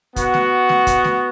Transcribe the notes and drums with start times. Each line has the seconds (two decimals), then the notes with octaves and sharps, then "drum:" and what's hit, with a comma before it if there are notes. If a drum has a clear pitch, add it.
0.16 B3 F#4, drum: kick, hi-hat
0.34 drum: snare A3
0.69 drum: snare A3
0.87 drum: kick, hi-hat
1.04 drum: snare A3